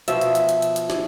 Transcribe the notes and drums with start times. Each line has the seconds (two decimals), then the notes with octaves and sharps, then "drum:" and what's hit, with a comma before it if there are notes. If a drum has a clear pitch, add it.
0.08 B2 F3 E5, drum: hi-hat
0.21 drum: hi-hat
0.35 drum: hi-hat
0.49 drum: hi-hat
0.62 drum: hi-hat
0.76 drum: hi-hat
0.90 drum: snare